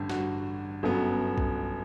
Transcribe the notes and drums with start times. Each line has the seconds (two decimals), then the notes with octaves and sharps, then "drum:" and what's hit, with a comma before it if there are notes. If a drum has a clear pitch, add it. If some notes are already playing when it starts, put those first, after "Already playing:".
Already playing: A1 G2 D3
0.10 F#4, drum: snare
0.83 G1 F#2 F#3 B3
1.38 drum: kick B1